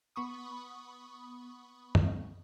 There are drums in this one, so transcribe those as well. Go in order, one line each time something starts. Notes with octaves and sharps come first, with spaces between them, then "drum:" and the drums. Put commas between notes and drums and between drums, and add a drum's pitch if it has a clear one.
B3 B5 C#6 D#6
drum: tom